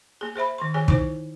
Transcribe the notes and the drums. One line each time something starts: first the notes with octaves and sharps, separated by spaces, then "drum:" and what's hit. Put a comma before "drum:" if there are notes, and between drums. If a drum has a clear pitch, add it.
A#3 G#4
G#4 C5 E5 B5
D#3 C6
D#3 G#4 C#5 G#5
D#4 E4 C5, drum: kick